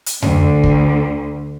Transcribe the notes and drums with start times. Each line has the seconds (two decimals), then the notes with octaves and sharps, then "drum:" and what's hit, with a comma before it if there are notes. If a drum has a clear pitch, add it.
0.06 drum: hi-hat
0.22 D2 D3, drum: tom F2
0.64 drum: kick